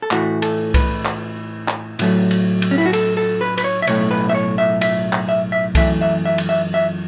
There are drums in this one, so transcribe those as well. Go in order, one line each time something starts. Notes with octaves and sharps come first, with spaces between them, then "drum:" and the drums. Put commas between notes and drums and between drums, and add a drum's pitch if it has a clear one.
A4
A2 E3 A3 F#4, drum: clap
A4, drum: cymbal
B4, drum: kick C2, cymbal
drum: clap
drum: clap
A2 F#3 A3, drum: cymbal
drum: cymbal
drum: cymbal
C#4
E4
F#4
A4, drum: cymbal
A4
B4
B4, drum: cymbal
C#5
E5
B1 A2 A3 C#5, drum: cymbal
B4
E5
C#5
E5
E5, drum: cymbal
drum: clap
E5
E5
F#2 E3 A3 E5, drum: kick C2, cymbal
E5
E5
drum: cymbal
E5
E5